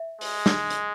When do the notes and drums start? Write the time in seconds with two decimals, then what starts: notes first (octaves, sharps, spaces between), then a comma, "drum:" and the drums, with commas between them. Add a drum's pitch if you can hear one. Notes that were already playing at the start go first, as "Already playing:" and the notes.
Already playing: E5
0.21 G#3, drum: open hi-hat
0.46 drum: snare
0.70 drum: hi-hat